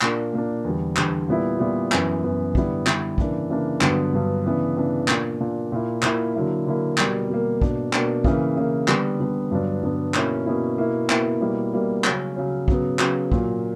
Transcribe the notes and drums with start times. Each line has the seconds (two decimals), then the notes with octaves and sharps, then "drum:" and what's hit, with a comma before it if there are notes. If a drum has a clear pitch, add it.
0.01 A#2 A#3 D4, drum: clap
0.33 A#2 A#3 D4
0.64 E2 D3 G3
0.96 E2 D3 G3, drum: clap
1.28 A#2 G3 B3 E4
1.60 A#2 G3 B3 E4
1.92 F#2 E3 B3, drum: clap
2.23 F#2 E3 B3
2.55 D3 G3 B3 E4, drum: kick
2.87 D3 G3 B3 E4, drum: clap
3.18 C#3 E3 A#3 D4, drum: kick
3.50 C#3 E3 A#3 D4
3.81 G2 D3 F#3 B3, drum: clap
4.13 G2 D3 F#3 B3
4.45 C#3 E3 B3 D4
4.77 C#3 E3 B3 D4
5.08 A#2 A#3 D4, drum: clap
5.40 A#2 A#3 D4
5.72 A#2 A#3 E4
6.03 A#2 A#3 E4, drum: clap
6.35 D3 F#3 A#3 E4
6.67 D3 F#3 A#3 E4
6.98 B2 G3 A#3, drum: clap
7.29 B2 G3 A#3
7.62 B2 A#3 D4, drum: kick
7.93 B2 A#3 D4, drum: clap
8.24 C#3 E3 A#3, drum: kick
8.57 C#3 E3 A#3
8.88 D3 G3 B3, drum: clap
9.20 D3 G3 B3
9.51 G2 D3 F#3 B3 D4
9.83 G2 D3 F#3 B3 D4
10.14 B2 A#3 C#4 E4, drum: clap
10.46 B2 A#3 C#4 E4
10.78 B2 A#3 E4
11.10 B2 A#3 E4, drum: clap
11.41 B2 G3 A#3 E4
11.73 B2 G3 A#3 E4
12.04 C#3 F#3 C#4, drum: clap
12.36 C#3 F#3 C#4
12.68 C#3 F#3 B3, drum: kick
12.99 C#3 F#3 B3, drum: clap
13.32 A#2 F#3 A#3, drum: kick